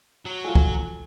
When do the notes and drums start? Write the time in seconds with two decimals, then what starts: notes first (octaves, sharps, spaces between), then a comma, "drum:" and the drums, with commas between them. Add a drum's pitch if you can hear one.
0.26 F#3
0.44 A3 F4 G#5
0.55 drum: kick